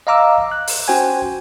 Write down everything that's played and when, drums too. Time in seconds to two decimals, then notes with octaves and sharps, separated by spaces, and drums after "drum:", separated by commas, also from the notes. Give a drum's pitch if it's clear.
0.07 D#5 F5 A#5 D6 E6
0.52 F#6
0.68 drum: open hi-hat
0.88 C#4 F#4 C5 G5 G#5